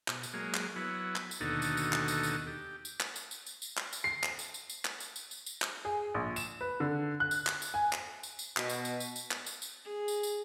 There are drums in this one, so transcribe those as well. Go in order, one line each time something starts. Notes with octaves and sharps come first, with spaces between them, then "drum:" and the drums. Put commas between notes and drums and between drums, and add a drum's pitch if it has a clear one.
B2, drum: clap
drum: tambourine
F#3 G#3 A#3
drum: clap
F#3 B3 E4
drum: clap
drum: tambourine
D#2 B2 D3 D#4 F#4 A4
drum: tambourine
drum: tambourine
drum: clap
drum: tambourine
drum: tambourine
G4
drum: tambourine
drum: clap
drum: tambourine
drum: tambourine
drum: tambourine
drum: tambourine
drum: clap
drum: tambourine
C7
drum: clap
drum: tambourine
drum: tambourine
drum: tambourine
drum: clap
drum: tambourine
drum: tambourine
drum: tambourine
drum: tambourine
drum: clap
G#4
A#1
E7, drum: tambourine
B4
D3
F#6
drum: tambourine
drum: clap
drum: tambourine
G#5
drum: clap
drum: tambourine
drum: tambourine
B2, drum: clap
drum: tambourine
drum: tambourine
drum: tambourine
drum: tambourine
drum: clap
drum: tambourine
drum: tambourine
G#4
drum: tambourine
drum: tambourine